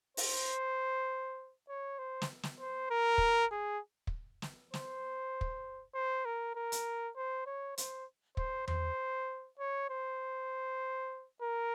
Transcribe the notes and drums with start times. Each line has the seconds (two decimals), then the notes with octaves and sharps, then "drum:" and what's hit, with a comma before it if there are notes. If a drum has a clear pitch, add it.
0.17 C5, drum: open hi-hat
1.69 C#5
1.99 C5
2.22 drum: snare
2.43 drum: snare
2.60 C5
2.91 A#4
3.18 drum: kick
3.52 G#4
4.07 drum: kick
4.42 drum: snare
4.74 C5, drum: snare
5.41 drum: kick
5.94 C5
6.25 A#4
6.55 A#4
6.72 drum: hi-hat
7.17 C5
7.46 C#5
7.78 C5, drum: hi-hat
8.37 C5, drum: kick
8.68 C5, drum: tom E2
9.59 C#5
9.90 C5
11.42 A#4